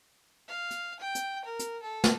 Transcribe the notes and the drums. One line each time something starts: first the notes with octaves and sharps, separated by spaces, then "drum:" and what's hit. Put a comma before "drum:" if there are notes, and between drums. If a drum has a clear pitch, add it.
F5
drum: hi-hat
G5
drum: hi-hat
A#4
drum: hi-hat
A4
drum: snare